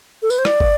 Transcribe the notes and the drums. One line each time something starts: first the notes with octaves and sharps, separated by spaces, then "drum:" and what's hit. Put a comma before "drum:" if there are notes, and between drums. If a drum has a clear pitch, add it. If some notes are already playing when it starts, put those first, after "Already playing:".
A4
B4, drum: tambourine
C5
D5, drum: rim click
drum: kick